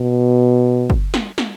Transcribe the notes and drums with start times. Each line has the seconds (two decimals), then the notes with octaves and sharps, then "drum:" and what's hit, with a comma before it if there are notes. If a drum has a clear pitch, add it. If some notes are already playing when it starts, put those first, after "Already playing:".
Already playing: B2
0.90 drum: kick
1.14 drum: snare
1.38 drum: snare